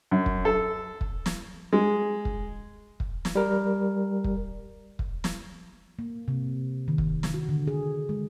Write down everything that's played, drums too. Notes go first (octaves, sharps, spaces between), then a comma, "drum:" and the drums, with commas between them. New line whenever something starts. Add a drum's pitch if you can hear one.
F#2
drum: kick
A4
drum: kick
drum: snare
G#3
drum: kick
drum: kick
drum: snare
G3 A#4
drum: kick
drum: kick
drum: snare
A#3
C3
D#3
drum: kick
drum: snare
F#4
D3
G#4
G#3